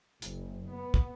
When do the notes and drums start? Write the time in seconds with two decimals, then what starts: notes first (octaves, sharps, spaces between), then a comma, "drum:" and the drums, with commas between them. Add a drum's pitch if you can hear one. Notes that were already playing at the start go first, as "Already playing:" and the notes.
0.22 F#1, drum: hi-hat
0.72 B3
0.94 drum: kick